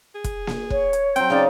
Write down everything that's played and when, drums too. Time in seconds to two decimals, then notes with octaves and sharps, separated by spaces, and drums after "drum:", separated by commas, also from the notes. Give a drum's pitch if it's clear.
0.15 G#4
0.24 drum: kick, hi-hat
0.47 drum: snare A#3
0.70 C#5, drum: kick
0.93 drum: hi-hat
1.16 F#3 C4 G5, drum: hi-hat
1.30 C#3 D#4 D5 F5